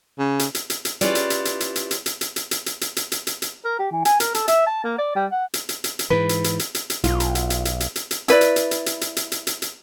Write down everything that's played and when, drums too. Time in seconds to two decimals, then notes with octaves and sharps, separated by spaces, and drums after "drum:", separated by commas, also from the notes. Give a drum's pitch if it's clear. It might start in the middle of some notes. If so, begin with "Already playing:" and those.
0.19 C#3
0.39 drum: hi-hat
0.55 drum: hi-hat
0.70 drum: hi-hat
0.85 drum: hi-hat
1.01 C#4 E4 F4 G4 B4 D5, drum: hi-hat
1.15 drum: hi-hat
1.30 drum: hi-hat
1.45 drum: hi-hat
1.60 drum: hi-hat
1.76 drum: hi-hat
1.91 drum: hi-hat
2.06 drum: hi-hat
2.21 drum: hi-hat
2.36 drum: hi-hat
2.51 drum: hi-hat
2.66 drum: hi-hat
2.81 drum: hi-hat
2.97 drum: hi-hat
3.12 drum: hi-hat
3.27 drum: hi-hat
3.42 drum: hi-hat
3.64 A#4
3.79 G4
3.92 E3
4.05 G#5, drum: hi-hat
4.20 A#4, drum: hi-hat
4.35 A4, drum: hi-hat
4.48 E5, drum: hi-hat
4.66 A5
4.84 A#3
4.98 D5
5.15 G3
5.32 F#5
5.54 drum: hi-hat
5.69 drum: hi-hat
5.84 drum: hi-hat
5.99 drum: hi-hat
6.10 G#2 E3 B4
6.29 drum: hi-hat
6.44 drum: hi-hat
6.59 drum: hi-hat
6.75 drum: hi-hat
6.90 drum: hi-hat
7.04 B1 F4, drum: hi-hat
7.20 drum: hi-hat
7.35 drum: hi-hat
7.50 drum: hi-hat
7.65 drum: hi-hat
7.80 drum: hi-hat
7.96 drum: hi-hat
8.11 drum: hi-hat
8.28 E4 B4 D5, drum: hi-hat
8.41 drum: hi-hat
8.56 drum: hi-hat
8.71 drum: hi-hat
8.86 drum: hi-hat
9.01 drum: hi-hat
9.17 drum: hi-hat
9.32 drum: hi-hat
9.47 drum: hi-hat
9.62 drum: hi-hat